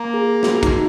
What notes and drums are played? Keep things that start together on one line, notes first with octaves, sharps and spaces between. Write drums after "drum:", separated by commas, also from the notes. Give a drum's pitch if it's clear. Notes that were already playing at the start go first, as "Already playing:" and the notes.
Already playing: A#3
G#4
F#4, drum: snare
D#4, drum: kick, hi-hat